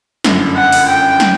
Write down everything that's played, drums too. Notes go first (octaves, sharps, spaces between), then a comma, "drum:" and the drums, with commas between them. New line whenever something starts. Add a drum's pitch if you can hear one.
G1 F#2 D3, drum: snare
F#5
drum: open hi-hat
G5
drum: snare